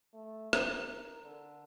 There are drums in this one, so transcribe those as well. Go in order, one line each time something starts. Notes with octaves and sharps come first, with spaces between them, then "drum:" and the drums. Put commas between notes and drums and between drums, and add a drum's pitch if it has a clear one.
A3
A#4, drum: rim click
A#4
D3